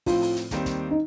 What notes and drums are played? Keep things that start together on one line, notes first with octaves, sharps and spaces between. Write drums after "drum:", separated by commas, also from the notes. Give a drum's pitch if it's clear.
A2 F3 C4 F4, drum: kick, open hi-hat
drum: open hi-hat
drum: hi-hat
D#2 D#3 G3 C4, drum: kick, hi-hat
drum: kick, hi-hat
D#4